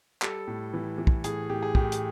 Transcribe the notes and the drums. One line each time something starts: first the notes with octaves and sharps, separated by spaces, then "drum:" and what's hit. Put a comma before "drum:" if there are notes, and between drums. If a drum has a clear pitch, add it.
G3 A4, drum: clap
A2
E3
E3
drum: kick
A2 G#4, drum: hi-hat
A2 G4
G#4
A2 G4, drum: kick
drum: hi-hat